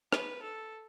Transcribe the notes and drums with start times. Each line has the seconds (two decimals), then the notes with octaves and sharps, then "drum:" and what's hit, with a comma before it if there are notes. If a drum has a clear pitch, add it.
0.12 B4, drum: rim click
0.42 A4